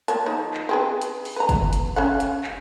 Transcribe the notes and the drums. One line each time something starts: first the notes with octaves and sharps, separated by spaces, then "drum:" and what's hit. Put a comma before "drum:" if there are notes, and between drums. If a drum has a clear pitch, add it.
A#3 C#5 A5, drum: hi-hat
F3 D#4
drum: clap
C4 G#4 B4
drum: hi-hat
drum: open hi-hat
B4 A#5
drum: kick, hi-hat
drum: hi-hat
C#4 F5 F#5
drum: hi-hat
drum: clap